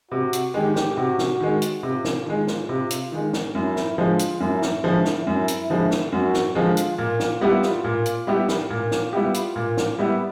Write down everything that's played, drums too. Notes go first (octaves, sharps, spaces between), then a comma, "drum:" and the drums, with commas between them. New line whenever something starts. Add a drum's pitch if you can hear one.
C3 F#4
drum: hi-hat
D#3 G#3 G4
drum: snare
C3 F#4
drum: snare
D#3 G#3
drum: hi-hat
C3 F4
drum: snare
D#3 G#3
drum: snare
C3
drum: hi-hat
D#3 G#3
drum: snare
F#2 E4
drum: snare
D3 F3 G#3 F4
drum: hi-hat
F#2 E4
drum: snare
D3 F3 G#3
drum: snare
F#2
drum: hi-hat
D3 F3 G#3
drum: snare
F#2 F#4
drum: snare
D3 F3 G#3 F4
drum: hi-hat
A#2 F4
drum: snare
G3 B3 E4 G4
drum: snare
A#2
drum: hi-hat
G3 B3 E4 G4
drum: snare
A#2 F4
drum: snare
G3 B3 E4 G4
drum: hi-hat
A#2
drum: snare
G3 B3 E4 G4